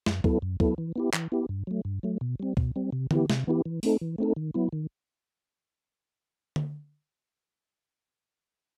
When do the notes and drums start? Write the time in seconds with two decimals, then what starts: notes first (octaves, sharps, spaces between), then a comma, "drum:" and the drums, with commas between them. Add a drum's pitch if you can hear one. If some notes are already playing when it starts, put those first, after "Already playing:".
0.06 F#2, drum: snare
0.24 F#3 B3 E4 A4, drum: kick
0.42 F#2
0.60 F#3 B3 E4 A4, drum: kick
0.78 E3
0.96 B3 E4 G4
1.13 E3, drum: clap
1.32 B3 E4 G4
1.49 G2
1.67 F#3 A3
1.85 G2
2.03 F#3 A3
2.21 B2
2.40 G3 C4
2.57 B2, drum: kick
2.76 G3 C4
2.92 C3
3.11 E3 B3 E4 G4, drum: tom D3
3.30 C3, drum: snare
3.47 E3 B3 E4 G4
3.65 E3
3.83 A3 C4 D#4 A4, drum: open hi-hat
4.01 E3
4.18 A3 C4 D#4 A4
4.36 D#3
4.54 F#3 B3 E4
4.73 D#3
6.56 drum: tom D3